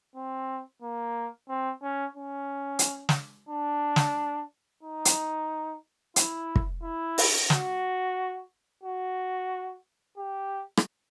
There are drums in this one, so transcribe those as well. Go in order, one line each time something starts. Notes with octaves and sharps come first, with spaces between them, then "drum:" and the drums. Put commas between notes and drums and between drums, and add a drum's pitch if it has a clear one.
C4
A#3
C4
C#4
C#4
drum: hi-hat
drum: snare
D4
drum: snare
D#4
drum: hi-hat
E4, drum: hi-hat
drum: kick
E4
drum: open hi-hat
F#4, drum: snare
F#4
G4
drum: rim click